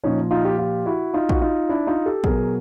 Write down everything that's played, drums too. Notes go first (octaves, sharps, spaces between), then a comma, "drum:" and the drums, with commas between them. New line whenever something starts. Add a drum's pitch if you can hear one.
A#2 F3 C#4 D#4
D#4 F4
F4 G4
F4 G4
E4 F#4
D#4 F4
F#4, drum: kick
D#4 F4
D4 E4
D#4 F4
G4 A4
B2 F#3 G#4 A#4, drum: kick